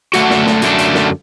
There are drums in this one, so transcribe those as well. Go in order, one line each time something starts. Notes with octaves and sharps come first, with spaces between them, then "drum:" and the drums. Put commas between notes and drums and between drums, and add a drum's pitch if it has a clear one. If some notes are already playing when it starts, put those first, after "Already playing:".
F#2 D3 A3 D4 F#4 F#5, drum: hi-hat
drum: snare
drum: snare
F#2 D3 A3 D4, drum: hi-hat
drum: hi-hat
drum: snare